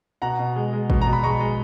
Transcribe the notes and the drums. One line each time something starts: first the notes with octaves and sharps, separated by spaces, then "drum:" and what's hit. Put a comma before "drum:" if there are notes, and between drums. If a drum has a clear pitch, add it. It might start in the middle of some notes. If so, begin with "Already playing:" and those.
B2 F#5 A#5
B2
G#3
G#3
B2, drum: kick A1
A#5
B2
B5
G#3 A#5 C#6
G#3